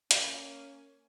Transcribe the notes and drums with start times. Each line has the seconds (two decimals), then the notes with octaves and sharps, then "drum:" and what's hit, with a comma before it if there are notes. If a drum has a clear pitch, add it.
0.11 A#3 C#4, drum: hi-hat